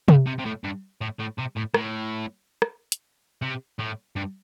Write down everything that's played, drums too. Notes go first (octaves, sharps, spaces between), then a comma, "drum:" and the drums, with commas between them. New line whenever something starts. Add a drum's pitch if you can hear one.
A2, drum: tom C3
C3
C3
A2
G2
A2
A2
C3
A2
A2, drum: rim click
drum: rim click
drum: hi-hat
C3
A2
G2